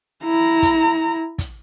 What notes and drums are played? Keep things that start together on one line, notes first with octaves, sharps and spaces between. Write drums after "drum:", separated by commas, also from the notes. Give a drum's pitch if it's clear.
E4 A#5
drum: kick, hi-hat
drum: kick, hi-hat